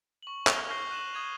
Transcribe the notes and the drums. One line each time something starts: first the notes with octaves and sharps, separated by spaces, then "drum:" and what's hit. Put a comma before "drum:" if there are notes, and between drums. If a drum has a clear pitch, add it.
C#6 F#7
F6 F#6 F7 G7, drum: clap
C#6 F6 G6 A#6 C7 G7
F#6 D#7 E7 F#7
C#6 D#6 G#6 D#7 F7